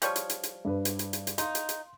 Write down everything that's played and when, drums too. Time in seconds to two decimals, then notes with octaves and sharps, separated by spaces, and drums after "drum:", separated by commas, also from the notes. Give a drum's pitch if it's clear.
0.02 F3 G3 C#5, drum: hi-hat
0.16 drum: hi-hat
0.29 drum: hi-hat
0.43 drum: hi-hat
0.65 G2 B4
0.85 drum: hi-hat
0.99 drum: hi-hat
1.13 drum: hi-hat
1.27 drum: hi-hat
1.38 D#4 F5 C6, drum: hi-hat
1.55 drum: hi-hat
1.69 drum: hi-hat